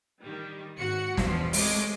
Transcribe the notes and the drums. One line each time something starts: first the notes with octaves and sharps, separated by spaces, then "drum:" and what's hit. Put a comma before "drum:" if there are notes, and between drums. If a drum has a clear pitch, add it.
D#3 G3
G#1 F#4 F#5 C#7
E2 G2 B2 F3, drum: snare
C3 G#3 A3 C#5 D#5 D6, drum: open hi-hat